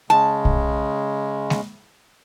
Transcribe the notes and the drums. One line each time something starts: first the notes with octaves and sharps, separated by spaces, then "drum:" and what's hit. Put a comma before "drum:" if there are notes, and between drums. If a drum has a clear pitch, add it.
C#3 G#3 A5
drum: kick
drum: snare G#3